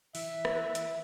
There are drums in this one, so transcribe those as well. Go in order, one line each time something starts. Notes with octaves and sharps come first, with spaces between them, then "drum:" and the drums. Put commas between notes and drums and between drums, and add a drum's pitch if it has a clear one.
E3 E5, drum: open hi-hat
drum: rim click
drum: hi-hat